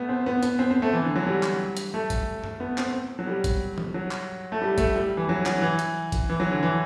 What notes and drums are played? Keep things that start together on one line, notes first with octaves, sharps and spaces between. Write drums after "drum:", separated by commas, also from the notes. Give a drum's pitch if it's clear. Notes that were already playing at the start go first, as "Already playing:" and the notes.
Already playing: A3 B3
C4
B3
B3, drum: hi-hat
C4
C4
A3
E3
D3
F#3
G3
drum: clap
drum: hi-hat
A3
drum: kick, hi-hat
drum: tom
B3
C4, drum: clap
F#3
G3
drum: kick, hi-hat
drum: tom
F#3
drum: clap
A3
G3
A3, drum: kick, hi-hat
G3
E3
F#3
F#3, drum: clap
E3
drum: hi-hat
drum: kick, hi-hat
E3
F#3
D3
E3